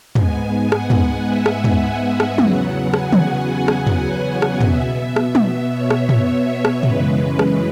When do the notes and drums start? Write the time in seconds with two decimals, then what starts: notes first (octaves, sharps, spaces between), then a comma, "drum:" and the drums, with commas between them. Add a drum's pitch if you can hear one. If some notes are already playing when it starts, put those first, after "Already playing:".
0.15 G#2 G#3 B3 G#5, drum: tom
0.72 F#5, drum: rim click
0.90 drum: tom
1.27 E5
1.46 drum: rim click
1.64 drum: tom
2.20 drum: rim click
2.38 E2 C#3 F#3 B3 F#5, drum: tom
2.94 G#5, drum: rim click
3.13 drum: tom
3.49 G#5
3.68 drum: rim click
3.87 drum: tom
4.42 drum: rim click
4.61 B2 B3 E5, drum: tom
5.16 drum: rim click
5.35 drum: tom
5.72 C#5
5.90 drum: rim click
6.09 drum: tom
6.65 drum: rim click
6.83 F#2 C#3 E3 G#3 B4, drum: tom
7.39 B4, drum: rim click